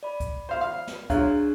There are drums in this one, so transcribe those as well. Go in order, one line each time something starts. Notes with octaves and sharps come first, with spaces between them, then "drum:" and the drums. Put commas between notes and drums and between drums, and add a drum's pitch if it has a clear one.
D5 B5
drum: kick C#2, hi-hat
C5 F5
F5
drum: snare
F#3 D4 F4 G#4, drum: kick C#2, hi-hat